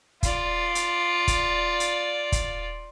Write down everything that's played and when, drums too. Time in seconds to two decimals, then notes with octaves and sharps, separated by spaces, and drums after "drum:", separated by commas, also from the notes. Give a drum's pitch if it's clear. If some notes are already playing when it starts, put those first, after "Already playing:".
0.23 F4 D5, drum: kick, hi-hat
0.75 drum: hi-hat
1.28 drum: kick, hi-hat
1.80 drum: hi-hat
2.32 drum: kick, hi-hat